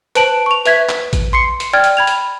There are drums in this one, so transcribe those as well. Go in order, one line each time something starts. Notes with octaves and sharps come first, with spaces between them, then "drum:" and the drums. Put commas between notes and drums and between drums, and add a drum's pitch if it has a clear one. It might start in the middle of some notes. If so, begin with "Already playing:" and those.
B4 C5 A5 D7 F#7, drum: hi-hat
C#6 F7
B4 E5 G#6 B6, drum: hi-hat
drum: clap
drum: kick A1, hi-hat
C6 C7 C#7
drum: hi-hat
D5 G5 F6 G#6
drum: hi-hat
B5 G#6 F7
drum: hi-hat